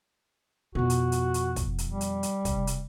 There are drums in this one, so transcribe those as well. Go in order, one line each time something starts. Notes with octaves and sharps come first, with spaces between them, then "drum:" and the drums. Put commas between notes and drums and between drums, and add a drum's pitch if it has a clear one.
F2 B2 F#4
drum: hi-hat
drum: hi-hat
drum: hi-hat
drum: kick, hi-hat
drum: hi-hat
G3
drum: hi-hat
drum: hi-hat
C3, drum: kick, hi-hat
drum: hi-hat